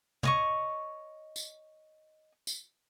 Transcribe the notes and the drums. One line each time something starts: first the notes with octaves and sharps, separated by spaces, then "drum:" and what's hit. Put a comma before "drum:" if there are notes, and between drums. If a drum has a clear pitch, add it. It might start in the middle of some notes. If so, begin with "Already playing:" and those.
C#5 D#5 C#6, drum: tom
drum: tambourine
drum: tambourine